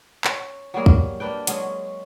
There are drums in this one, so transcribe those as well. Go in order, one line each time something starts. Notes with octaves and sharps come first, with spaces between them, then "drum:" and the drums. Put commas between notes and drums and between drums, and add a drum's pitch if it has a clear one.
C#4, drum: clap
F#3 G3 A#3 G#4
drum: kick
A#3 D4 B4 G5
F#3 G#3 C#4 G#4, drum: hi-hat